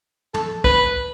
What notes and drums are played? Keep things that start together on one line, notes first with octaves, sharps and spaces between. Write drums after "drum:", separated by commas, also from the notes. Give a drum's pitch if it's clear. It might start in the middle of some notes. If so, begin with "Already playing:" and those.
A4, drum: tom
B4, drum: kick